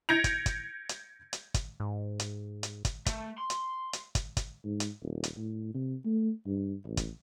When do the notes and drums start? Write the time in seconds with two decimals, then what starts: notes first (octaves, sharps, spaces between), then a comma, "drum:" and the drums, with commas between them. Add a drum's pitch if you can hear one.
0.09 G6 G#6 A#6 C#7 D7 F7
0.24 drum: kick, hi-hat
0.46 drum: kick, hi-hat
0.89 drum: hi-hat
1.33 drum: hi-hat
1.54 drum: kick, hi-hat
1.80 G#2
2.20 drum: hi-hat
2.63 drum: hi-hat
2.85 drum: kick, hi-hat
3.06 A3, drum: kick, hi-hat
3.38 C6
3.50 drum: hi-hat
3.93 drum: hi-hat
4.15 drum: kick, hi-hat
4.37 drum: kick, hi-hat
4.64 G#2
4.80 drum: hi-hat
5.02 D#1
5.24 drum: hi-hat
5.37 A2
5.74 C3
6.05 A3
6.46 G2
6.84 A1
6.97 drum: kick, hi-hat